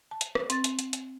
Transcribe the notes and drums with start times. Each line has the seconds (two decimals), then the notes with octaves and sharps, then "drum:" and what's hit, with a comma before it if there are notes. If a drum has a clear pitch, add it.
0.11 A5
0.21 drum: hi-hat
0.35 drum: rim click
0.50 C4 A6, drum: hi-hat
0.64 drum: hi-hat
0.79 drum: hi-hat
0.93 drum: hi-hat